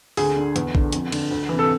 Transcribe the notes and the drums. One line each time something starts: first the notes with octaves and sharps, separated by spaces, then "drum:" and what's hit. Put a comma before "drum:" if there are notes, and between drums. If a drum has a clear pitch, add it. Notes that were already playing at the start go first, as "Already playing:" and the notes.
D2 G#4, drum: open hi-hat
D3
E2, drum: hi-hat
D3, drum: kick
F2, drum: hi-hat
D3, drum: cymbal
D2
C3 E3
A4